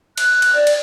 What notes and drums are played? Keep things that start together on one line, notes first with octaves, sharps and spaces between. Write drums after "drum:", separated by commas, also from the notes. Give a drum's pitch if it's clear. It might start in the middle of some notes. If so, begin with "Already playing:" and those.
F#6, drum: cymbal
drum: cymbal
D5
drum: cymbal